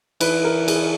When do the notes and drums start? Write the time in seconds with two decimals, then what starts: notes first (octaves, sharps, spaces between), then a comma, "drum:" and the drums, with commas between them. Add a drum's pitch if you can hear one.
0.21 E3 B4, drum: cymbal
0.44 A#4
0.68 G#4, drum: cymbal